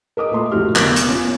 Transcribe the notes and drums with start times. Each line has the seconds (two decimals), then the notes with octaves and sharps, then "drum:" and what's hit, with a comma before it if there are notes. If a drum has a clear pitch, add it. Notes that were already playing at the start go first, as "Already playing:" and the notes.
0.17 A#4 D#5 D6 D#6
0.31 A#2 A3 C6 D#6
0.52 F1 A#1 A2 F#4 G4 F6
0.76 F1 D3 B3 A#4 D6, drum: clap
0.96 drum: hi-hat
1.08 B3 C#4 F4